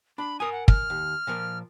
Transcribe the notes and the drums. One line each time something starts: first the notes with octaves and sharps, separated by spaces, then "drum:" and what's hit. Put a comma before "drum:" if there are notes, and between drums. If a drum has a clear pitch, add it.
D4 B5
A#4 G#5 D#6
F#5
F6, drum: kick
D#2
A#2 F3 A#4